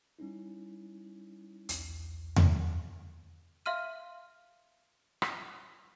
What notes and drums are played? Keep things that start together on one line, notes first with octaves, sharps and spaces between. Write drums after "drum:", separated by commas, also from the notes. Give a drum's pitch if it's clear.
G3 C#4 D#4 E4
B1 E2, drum: hi-hat
drum: tom E2
E5 F5 C6 F6 D#7
drum: rim click